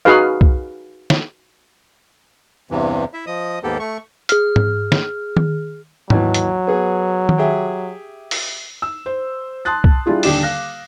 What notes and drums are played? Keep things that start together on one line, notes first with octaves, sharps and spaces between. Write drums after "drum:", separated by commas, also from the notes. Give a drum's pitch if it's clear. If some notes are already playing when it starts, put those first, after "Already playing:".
D#4 F#4 G#4 B4 F5
drum: kick
drum: snare
E2 G2 C3 E3
E4 E5
F3 D#5 D#6
D#2 G#2 A#3 B3 G4 A4
A3 C#6
G#4 F6, drum: hi-hat
drum: tom G#2
drum: snare
drum: tom D#3
D#2 E3 F#3, drum: tom G#2
drum: hi-hat
B3 G#4
drum: tom D#3
G4 G#4 E5
drum: open hi-hat
E6
C5
A5 C6 D#6 F#6 A6
drum: kick
G3 D4 E4 F4 G#4
D#1 D3 G4 D5 D6 E7, drum: open hi-hat
F5 F#6 A#6